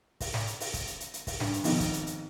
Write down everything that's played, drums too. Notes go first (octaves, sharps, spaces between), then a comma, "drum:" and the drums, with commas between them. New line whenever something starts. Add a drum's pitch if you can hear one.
drum: kick, open hi-hat
drum: snare
drum: hi-hat
drum: open hi-hat
drum: kick, hi-hat
drum: hi-hat
drum: hi-hat
drum: hi-hat
drum: kick, open hi-hat
G2, drum: snare
drum: hi-hat
F2 G#2 B2 D#3, drum: open hi-hat
drum: kick, hi-hat
drum: hi-hat
drum: hi-hat